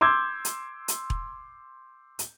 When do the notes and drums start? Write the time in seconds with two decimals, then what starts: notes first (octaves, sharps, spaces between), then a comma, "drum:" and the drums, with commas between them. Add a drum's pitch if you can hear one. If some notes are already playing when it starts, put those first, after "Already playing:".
0.01 C6 D6 E6 G6 G#6
0.45 drum: hi-hat
0.88 drum: hi-hat
1.10 drum: kick E1
2.19 drum: hi-hat